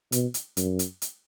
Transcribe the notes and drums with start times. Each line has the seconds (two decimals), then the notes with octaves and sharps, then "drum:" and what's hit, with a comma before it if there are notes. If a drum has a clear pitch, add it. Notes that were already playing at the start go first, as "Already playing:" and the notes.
0.12 B2, drum: hi-hat
0.34 drum: hi-hat
0.57 F#2, drum: hi-hat
0.79 drum: hi-hat
1.02 drum: hi-hat